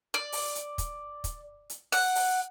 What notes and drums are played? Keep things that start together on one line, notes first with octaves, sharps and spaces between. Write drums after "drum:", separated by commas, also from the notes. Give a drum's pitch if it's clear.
D5
drum: open hi-hat
drum: hi-hat
drum: kick, hi-hat
drum: kick, hi-hat
drum: hi-hat
F#5, drum: open hi-hat
drum: open hi-hat